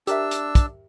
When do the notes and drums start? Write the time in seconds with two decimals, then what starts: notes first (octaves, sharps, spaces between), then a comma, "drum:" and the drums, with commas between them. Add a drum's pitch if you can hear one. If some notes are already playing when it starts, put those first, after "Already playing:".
0.07 D4 G4 A#4 E5 E6, drum: hi-hat
0.31 drum: hi-hat
0.55 drum: kick, hi-hat